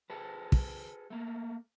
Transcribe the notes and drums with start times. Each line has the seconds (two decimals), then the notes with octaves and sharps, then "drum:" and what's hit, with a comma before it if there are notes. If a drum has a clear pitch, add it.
0.10 G#4 A4 B4
0.52 drum: kick
1.10 A3 A#3